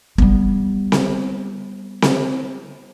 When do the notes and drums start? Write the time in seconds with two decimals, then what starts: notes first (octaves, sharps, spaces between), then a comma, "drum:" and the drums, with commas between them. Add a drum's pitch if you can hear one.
0.18 G3 B3, drum: kick
0.92 drum: snare C4
2.02 drum: snare C4